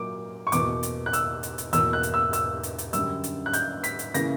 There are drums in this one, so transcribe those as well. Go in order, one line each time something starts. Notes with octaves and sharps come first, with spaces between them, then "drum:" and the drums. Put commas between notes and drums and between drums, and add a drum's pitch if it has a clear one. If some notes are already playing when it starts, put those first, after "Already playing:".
Already playing: A#2 F#3 A#3 D6
C#6
E2 B2 A#3 D6, drum: hi-hat
drum: hi-hat
F#6
E6, drum: hi-hat
drum: hi-hat
drum: hi-hat
E2 B2 A#3 E6, drum: hi-hat
F#6
drum: hi-hat
E6
E6, drum: hi-hat
drum: hi-hat
drum: hi-hat
F#2 D3 G3 E6, drum: hi-hat
drum: hi-hat
F#6
G6, drum: hi-hat
B6, drum: hi-hat
drum: hi-hat
C#3 E3 A#3 A#6, drum: hi-hat